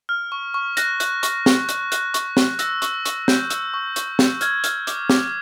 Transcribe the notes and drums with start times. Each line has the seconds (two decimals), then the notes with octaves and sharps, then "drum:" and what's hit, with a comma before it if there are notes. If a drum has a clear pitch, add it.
0.09 F6
0.32 C#6
0.54 C#6
0.77 F#6 A#6, drum: hi-hat
1.00 F#6, drum: hi-hat
1.23 C#6, drum: hi-hat
1.46 C#6, drum: snare
1.69 F#6, drum: hi-hat
1.92 F#6, drum: hi-hat
2.14 C#6, drum: hi-hat
2.37 C#6, drum: snare
2.59 E6 A#6, drum: hi-hat
2.82 C#6, drum: hi-hat
3.05 C#6, drum: hi-hat
3.28 G6, drum: snare
3.50 E6, drum: hi-hat
3.74 C#6
3.96 C#6, drum: hi-hat
4.19 G6, drum: snare
4.41 F6 G#6, drum: hi-hat
4.64 F6, drum: hi-hat
4.87 D6, drum: hi-hat
5.10 D6, drum: snare